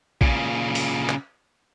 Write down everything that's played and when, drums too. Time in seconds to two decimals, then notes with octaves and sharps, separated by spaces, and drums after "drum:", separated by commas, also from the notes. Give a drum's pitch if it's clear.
0.21 A#2 C#3, drum: kick
0.75 drum: open hi-hat
1.09 drum: clap